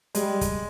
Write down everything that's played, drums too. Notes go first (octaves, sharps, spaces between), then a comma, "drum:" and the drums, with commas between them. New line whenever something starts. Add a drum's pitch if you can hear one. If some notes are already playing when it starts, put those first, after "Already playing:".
G3 G#3, drum: hi-hat
drum: kick, hi-hat